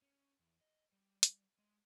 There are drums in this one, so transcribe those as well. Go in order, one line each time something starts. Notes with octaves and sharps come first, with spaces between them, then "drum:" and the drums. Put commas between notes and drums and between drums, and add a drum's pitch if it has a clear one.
C#4
E2
D#5
G3
drum: hi-hat
G#3